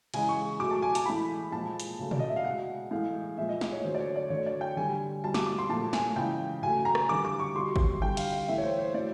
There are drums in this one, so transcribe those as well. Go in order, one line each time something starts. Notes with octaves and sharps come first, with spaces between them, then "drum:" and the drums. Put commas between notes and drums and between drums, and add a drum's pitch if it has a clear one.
C#3 E3 G#3 G#5, drum: cymbal
C#6
B2 F#3 A3 D6
A5
G#5
A5, drum: hi-hat
A2 E3 G#3 B5
A#2 F3 G#3 A5
drum: hi-hat
C#3 F#3 A3
D5, drum: tom
D#5
E5
F5
B2 G#3 F#5
A2 E3 G#3 F5
A#2 F3 G#3 E5
D#5
D#5, drum: snare
C#5
D3 F#3 A3 C5
D5
C#5
D5
D3 F#3 A3 C#5
D5
G5
D3 G3 G#5
B2 G3 A5
D6, drum: snare
D6
C6
A#2 F3 A3 A5
G#5, drum: snare
C#3 E3 G#3 G5
C#3 F#3 A3 G#5
A#5
drum: rim click
D3 G3 D6
D6
C#6
B2 G3 C6
drum: kick
D3 G3 G5
F5, drum: cymbal
F5
A2 E3 A3 E5
C#5
C5
C5
A2 F#3 A3 D5